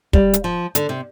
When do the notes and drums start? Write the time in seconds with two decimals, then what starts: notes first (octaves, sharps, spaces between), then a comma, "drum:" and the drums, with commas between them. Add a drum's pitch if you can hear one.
0.13 G3, drum: kick
0.34 drum: hi-hat
0.44 F3
0.75 D3, drum: hi-hat
0.89 C3